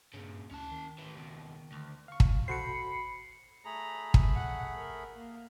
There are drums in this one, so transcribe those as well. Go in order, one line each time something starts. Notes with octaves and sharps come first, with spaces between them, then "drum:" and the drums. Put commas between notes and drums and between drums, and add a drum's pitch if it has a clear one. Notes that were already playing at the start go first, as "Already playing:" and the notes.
G2 A#2 C#3
D2 C#4 A5
D#3
A2 E3
C#2 B2
D2
F5 C#6
drum: kick
F#4 A4 C5 B5 C7 C#7
A3 G#4 A#5 B5
drum: kick
F#5
A#4
A#3